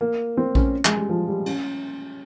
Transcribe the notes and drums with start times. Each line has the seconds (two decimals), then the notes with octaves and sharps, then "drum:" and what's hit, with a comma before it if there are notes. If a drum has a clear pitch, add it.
0.01 A#3
0.37 C4
0.55 C#4, drum: kick A#1
0.85 G#3, drum: clap
0.97 G3
1.09 F3
1.28 G3
1.46 C#4, drum: cymbal